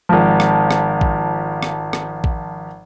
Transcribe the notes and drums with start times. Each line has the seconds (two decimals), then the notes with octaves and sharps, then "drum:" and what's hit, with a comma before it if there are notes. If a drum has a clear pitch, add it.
0.09 G#1 F3
0.40 drum: rim click
0.71 drum: rim click
1.01 drum: kick A1
1.63 drum: rim click
1.93 drum: rim click
2.24 drum: kick A1